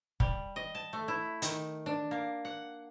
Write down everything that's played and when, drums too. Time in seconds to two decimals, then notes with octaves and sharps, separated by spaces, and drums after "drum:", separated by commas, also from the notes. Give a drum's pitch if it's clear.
0.20 G3, drum: kick
0.56 D#5
0.75 A5
0.93 A3
1.08 E4
1.42 D#3, drum: hi-hat
1.86 D4
2.11 A#3
2.45 F#5